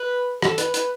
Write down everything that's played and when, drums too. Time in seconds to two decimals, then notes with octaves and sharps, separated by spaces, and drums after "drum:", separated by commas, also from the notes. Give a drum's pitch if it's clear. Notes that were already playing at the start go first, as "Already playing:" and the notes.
Already playing: B4
0.42 A4, drum: rim click
0.58 B4, drum: hi-hat
0.74 B4, drum: hi-hat